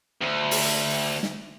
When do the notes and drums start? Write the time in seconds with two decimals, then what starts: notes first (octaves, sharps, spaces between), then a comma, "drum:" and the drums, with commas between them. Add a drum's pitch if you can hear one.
0.21 D2
0.51 drum: open hi-hat
1.23 drum: snare